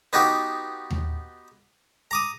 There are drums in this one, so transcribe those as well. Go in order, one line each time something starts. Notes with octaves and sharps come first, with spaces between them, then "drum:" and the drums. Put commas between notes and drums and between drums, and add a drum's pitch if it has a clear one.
B3 D#4 F#4 G4
drum: tom D#2
A#5 D6 D#6